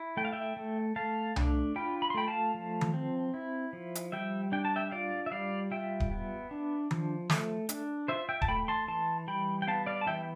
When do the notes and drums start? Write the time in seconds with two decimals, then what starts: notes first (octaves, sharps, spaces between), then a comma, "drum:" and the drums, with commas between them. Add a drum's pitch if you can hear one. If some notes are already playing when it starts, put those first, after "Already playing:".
Already playing: E4
0.17 A3 G5
0.25 F5
0.32 E5 G5
0.57 A3
0.96 A3 F5 A5
1.36 D4, drum: tom C2
1.76 F4 G5 B5
2.02 B5
2.10 C6
2.14 A3 G5 B5
2.28 F5 A5
2.54 F3
2.81 drum: tom D#3
2.94 C4
3.34 E4
3.73 F3
3.95 drum: hi-hat
4.12 G3 E5 G5
4.52 D4 G5
4.65 A5
4.76 E5 G5
4.91 F4 D5 F5
5.26 E5
5.32 G3 D5 F5
5.71 F4 E5 G5
6.00 drum: kick D1
6.11 B3
6.51 D4
6.91 F3, drum: tom D#3
7.30 A3, drum: snare
7.69 D4, drum: hi-hat
8.08 F4 C5 E5
8.29 E5 G5
8.42 A5, drum: kick D1
8.48 A3 G5 B5
8.68 A5 C6
8.88 E3 A5 C6
9.27 G3 G5 B5
9.62 G5
9.67 B3 F5 A5
9.86 D5 F5
10.01 A5
10.06 E3 E5 G5